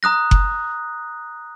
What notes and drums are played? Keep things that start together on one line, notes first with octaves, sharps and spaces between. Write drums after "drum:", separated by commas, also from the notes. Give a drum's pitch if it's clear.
A#5 D#6 F#6 A#6
drum: kick F#1